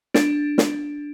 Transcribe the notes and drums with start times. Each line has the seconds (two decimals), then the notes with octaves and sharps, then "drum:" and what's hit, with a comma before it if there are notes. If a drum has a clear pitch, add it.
0.14 D4, drum: snare
0.58 drum: snare